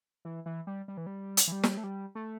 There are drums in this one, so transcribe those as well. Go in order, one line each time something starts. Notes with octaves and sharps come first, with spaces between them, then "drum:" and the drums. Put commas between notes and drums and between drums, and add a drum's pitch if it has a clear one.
E3
E3
G3
G3
E3
G3
drum: hi-hat
E3
G3
drum: snare
A3
G3
A3